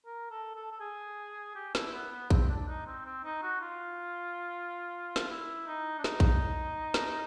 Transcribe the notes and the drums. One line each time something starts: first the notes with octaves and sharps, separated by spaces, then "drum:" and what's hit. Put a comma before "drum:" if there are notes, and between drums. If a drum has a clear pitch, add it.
A#4
A4
A4
A4
G#4
G4
E4, drum: snare
B3
B3
C4, drum: kick A#1
D4
D#4
C4
C4
D#4
F#4
F4
drum: snare
E4
D#4
D4
D#4, drum: snare
drum: kick A#1
drum: snare